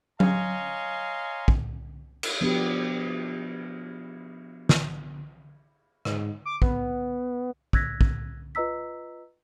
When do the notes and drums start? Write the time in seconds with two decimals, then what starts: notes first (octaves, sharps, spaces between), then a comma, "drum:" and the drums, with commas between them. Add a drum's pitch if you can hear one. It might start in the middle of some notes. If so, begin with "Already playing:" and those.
0.20 C#5 D#5 F5 G#5 A#5 C6, drum: tom F#3
1.48 drum: kick
2.23 drum: cymbal
2.41 F3 B3 D4 F#4 G4
4.69 drum: snare
6.05 G#2, drum: rim click
6.45 D6
6.62 B3, drum: kick
7.73 E6 F#6 G#6 A#6 B6, drum: kick
8.01 drum: kick
8.55 F4 B4 D#5 A#5 E6 B6